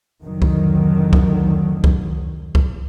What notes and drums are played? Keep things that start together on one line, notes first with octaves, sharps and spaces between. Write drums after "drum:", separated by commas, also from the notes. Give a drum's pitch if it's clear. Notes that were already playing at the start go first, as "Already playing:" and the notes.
F1 D3 D#3 F#3
drum: kick C#2
drum: kick C#2
drum: kick C#2
drum: kick C#2